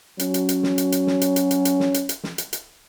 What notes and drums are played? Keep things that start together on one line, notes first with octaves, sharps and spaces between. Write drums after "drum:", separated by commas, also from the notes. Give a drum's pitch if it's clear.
F#3 C#4, drum: hi-hat
drum: hi-hat
drum: hi-hat
drum: snare
drum: hi-hat
drum: hi-hat
drum: snare
drum: hi-hat
drum: hi-hat
drum: hi-hat
drum: hi-hat
drum: snare
drum: hi-hat
drum: hi-hat
drum: snare
drum: hi-hat
drum: hi-hat